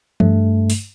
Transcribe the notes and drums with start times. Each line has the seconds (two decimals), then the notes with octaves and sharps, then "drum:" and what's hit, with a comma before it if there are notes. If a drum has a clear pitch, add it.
0.20 G2 A3, drum: tom E3
0.70 drum: open hi-hat